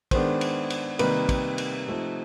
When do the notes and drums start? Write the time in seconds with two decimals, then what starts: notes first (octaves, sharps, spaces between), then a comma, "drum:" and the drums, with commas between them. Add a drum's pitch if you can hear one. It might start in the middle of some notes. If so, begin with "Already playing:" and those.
0.11 D#3 G#3 B3 D4 C5, drum: kick, cymbal
0.41 drum: cymbal
0.70 drum: cymbal
0.99 C3 D#3 G3 A#3 D#4 B4, drum: cymbal
1.29 drum: kick, cymbal
1.58 drum: cymbal
1.87 C3 F3 A3 C4 D#4 A4